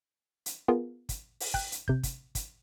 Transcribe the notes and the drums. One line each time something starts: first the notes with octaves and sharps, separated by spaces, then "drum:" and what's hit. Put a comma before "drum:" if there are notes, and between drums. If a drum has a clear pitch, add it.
drum: hi-hat
B3 F4 G#4 A#4
drum: kick, hi-hat
drum: open hi-hat
G5 F#6, drum: kick
drum: hi-hat
C3 G6, drum: kick
drum: kick, hi-hat
drum: kick, hi-hat